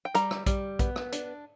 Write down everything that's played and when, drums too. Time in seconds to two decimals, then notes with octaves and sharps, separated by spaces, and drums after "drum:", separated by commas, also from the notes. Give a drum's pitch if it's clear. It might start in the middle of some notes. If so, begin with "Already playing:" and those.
0.05 G5
0.14 G3 A#5, drum: hi-hat
0.31 drum: rim click
0.46 G3, drum: kick, hi-hat
0.79 B3, drum: kick, hi-hat
0.96 drum: rim click
1.12 D4, drum: hi-hat